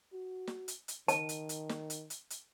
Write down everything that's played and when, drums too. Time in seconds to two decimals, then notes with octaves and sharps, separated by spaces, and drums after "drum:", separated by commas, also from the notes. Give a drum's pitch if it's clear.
0.13 F#4
0.47 drum: snare
0.68 drum: hi-hat
0.88 drum: hi-hat
1.08 D#3 A5, drum: hi-hat
1.29 drum: hi-hat
1.49 drum: hi-hat
1.69 drum: snare
1.90 drum: hi-hat
2.10 drum: hi-hat
2.30 drum: hi-hat